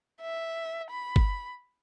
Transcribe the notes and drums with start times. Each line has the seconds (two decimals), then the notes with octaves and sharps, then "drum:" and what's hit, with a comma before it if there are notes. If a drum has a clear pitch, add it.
0.22 E5
0.90 B5
1.16 drum: kick